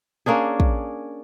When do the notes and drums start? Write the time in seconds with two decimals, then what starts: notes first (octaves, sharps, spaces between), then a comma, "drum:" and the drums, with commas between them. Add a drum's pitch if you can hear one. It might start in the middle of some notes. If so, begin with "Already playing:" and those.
0.26 A#3 C#4 D4 G#4
0.60 drum: kick